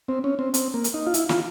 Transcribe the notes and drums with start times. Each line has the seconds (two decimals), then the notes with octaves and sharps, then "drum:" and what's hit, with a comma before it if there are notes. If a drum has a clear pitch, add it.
0.08 C4
0.24 C#4
0.39 C4
0.54 C4, drum: hi-hat
0.74 A#3
0.84 drum: hi-hat
0.94 D#4
1.07 F4
1.14 E4, drum: hi-hat
1.29 F4, drum: snare